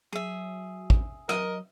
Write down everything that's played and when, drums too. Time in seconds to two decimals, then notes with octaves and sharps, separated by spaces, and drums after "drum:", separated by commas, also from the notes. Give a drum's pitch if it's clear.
0.12 F#3 G#4 E5
0.90 drum: kick
1.29 F#3 A#4 D#5, drum: rim click